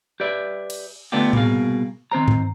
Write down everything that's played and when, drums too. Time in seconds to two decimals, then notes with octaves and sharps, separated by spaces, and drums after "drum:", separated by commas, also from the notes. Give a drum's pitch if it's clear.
0.20 G4 B4 D5 E5
0.70 drum: cymbal
1.12 D3 A3 B3 D4 F4 G4
1.33 C2 B2 A#3 G#4 F5, drum: tom A2
2.11 D#3 C4 C5 A#5
2.28 drum: tom G2